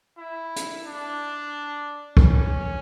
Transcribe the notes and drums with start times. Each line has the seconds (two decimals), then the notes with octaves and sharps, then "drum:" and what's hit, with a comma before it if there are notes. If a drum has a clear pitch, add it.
0.18 E4
0.56 drum: hi-hat
0.84 D4
2.17 C#4, drum: kick